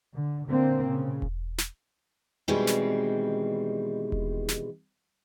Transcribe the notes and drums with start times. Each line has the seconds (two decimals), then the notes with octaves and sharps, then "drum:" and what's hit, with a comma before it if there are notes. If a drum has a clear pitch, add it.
0.13 D3
0.47 A#2 D3 A#3 C4
0.84 A#2 C#3
1.22 drum: kick E1
1.58 drum: snare
2.48 B2 D#3 E3 G3 G#3 C4
2.67 drum: snare
4.12 drum: kick E1
4.48 drum: snare